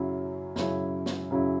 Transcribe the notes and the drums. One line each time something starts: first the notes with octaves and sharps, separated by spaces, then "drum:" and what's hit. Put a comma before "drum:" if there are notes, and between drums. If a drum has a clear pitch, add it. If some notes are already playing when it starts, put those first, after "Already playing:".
Already playing: F#2 C#3 F#3 E4
F#2 C#3 F#3 E4, drum: snare
drum: snare
F#2 C#3 F#3 E4